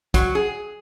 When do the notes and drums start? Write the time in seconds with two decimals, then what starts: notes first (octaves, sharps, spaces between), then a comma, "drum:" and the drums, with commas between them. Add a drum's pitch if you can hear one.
0.14 F#3, drum: kick, hi-hat
0.35 G#4